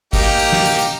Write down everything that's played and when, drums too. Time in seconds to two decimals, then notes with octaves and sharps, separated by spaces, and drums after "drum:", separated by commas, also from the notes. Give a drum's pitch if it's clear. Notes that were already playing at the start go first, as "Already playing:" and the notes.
0.13 A#3 D#4 G4, drum: kick, tambourine
0.39 drum: tambourine
0.52 drum: snare
0.66 drum: tambourine
0.79 drum: tambourine